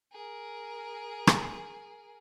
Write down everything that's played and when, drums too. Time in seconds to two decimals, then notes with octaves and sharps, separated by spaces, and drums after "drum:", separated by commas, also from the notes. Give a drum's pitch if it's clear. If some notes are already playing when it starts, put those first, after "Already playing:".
0.12 G#4 A#4
1.27 drum: rim click